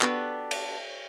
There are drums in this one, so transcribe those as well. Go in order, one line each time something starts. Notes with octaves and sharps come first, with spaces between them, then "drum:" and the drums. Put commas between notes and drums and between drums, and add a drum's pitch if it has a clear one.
B3 D4 F#4 G4 A4 B4, drum: clap
drum: cymbal